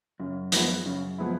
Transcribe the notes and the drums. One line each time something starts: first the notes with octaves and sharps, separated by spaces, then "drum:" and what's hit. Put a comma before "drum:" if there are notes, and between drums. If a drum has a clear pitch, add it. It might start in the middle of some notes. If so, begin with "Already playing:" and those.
F#2 C#3
F3 G#3 B3 E4, drum: hi-hat
F#2 C#3
F3 G#3 B3 E4